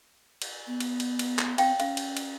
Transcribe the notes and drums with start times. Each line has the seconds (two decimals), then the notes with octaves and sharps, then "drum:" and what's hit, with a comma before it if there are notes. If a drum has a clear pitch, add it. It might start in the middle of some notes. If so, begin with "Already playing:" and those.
0.42 drum: cymbal
0.67 B3
0.80 drum: cymbal
1.00 drum: cymbal
1.19 drum: cymbal
1.39 drum: clap
1.58 C4 F5 G5, drum: cymbal
1.80 C#4 F5, drum: cymbal
1.97 drum: cymbal
2.17 drum: cymbal